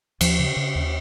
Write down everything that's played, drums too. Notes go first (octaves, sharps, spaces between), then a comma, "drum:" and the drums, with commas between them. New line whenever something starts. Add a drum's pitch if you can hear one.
D#2 F3, drum: cymbal
C#3
C#3
D#2